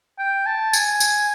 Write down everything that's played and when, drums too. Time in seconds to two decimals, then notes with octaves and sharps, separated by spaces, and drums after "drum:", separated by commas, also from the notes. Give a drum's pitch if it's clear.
0.19 G5
0.46 A5
0.73 G#5, drum: tambourine
1.00 drum: tambourine